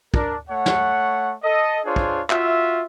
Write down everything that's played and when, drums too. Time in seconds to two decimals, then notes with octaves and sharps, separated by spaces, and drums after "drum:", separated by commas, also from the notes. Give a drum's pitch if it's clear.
0.14 D4 A#4, drum: kick
0.49 A3 C#5 F#5
0.66 drum: snare
1.43 A4 D#5
1.85 D4 F4 G#4 C5 C#5
1.96 drum: kick
2.30 F4 F#4 E5, drum: clap